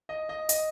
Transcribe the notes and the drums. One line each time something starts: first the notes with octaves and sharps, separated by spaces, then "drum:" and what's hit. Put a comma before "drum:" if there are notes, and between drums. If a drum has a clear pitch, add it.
D#5
D#5
D#5, drum: hi-hat